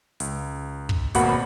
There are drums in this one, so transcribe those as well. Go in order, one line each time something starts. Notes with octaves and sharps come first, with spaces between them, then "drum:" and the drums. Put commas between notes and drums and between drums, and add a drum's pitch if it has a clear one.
C#2, drum: hi-hat
drum: kick
G#1 B2 A#3 F#4 F#5 B5, drum: hi-hat